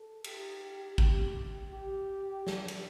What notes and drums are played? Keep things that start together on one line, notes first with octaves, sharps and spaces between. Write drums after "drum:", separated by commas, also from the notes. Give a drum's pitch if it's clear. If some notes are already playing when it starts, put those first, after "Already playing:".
Already playing: A4
G4, drum: cymbal
G4, drum: kick G#1
G4
D4, drum: snare
drum: cymbal